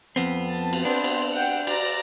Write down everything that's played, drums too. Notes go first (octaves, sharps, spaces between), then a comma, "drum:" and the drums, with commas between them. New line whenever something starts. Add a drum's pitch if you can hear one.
F2 B3 C4
A5
drum: cymbal
B3 C4 D4 C5
drum: cymbal
F#5 G5
D5 A#5 A#6, drum: cymbal